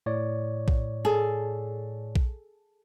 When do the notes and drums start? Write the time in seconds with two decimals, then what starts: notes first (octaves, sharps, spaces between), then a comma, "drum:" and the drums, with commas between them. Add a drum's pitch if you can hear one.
0.06 A2 C#5 D5
0.68 drum: kick A#1
1.05 G#4 A4
2.16 drum: kick A#1